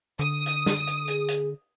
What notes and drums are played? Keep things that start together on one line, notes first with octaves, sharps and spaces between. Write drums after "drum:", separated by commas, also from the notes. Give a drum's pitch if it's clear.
D3 D#6
drum: hi-hat
drum: snare
drum: hi-hat
G#4, drum: hi-hat
drum: hi-hat